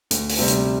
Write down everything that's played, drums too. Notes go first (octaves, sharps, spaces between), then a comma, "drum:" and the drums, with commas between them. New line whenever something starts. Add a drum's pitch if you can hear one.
D2, drum: hi-hat
drum: open hi-hat
C3 G3
drum: hi-hat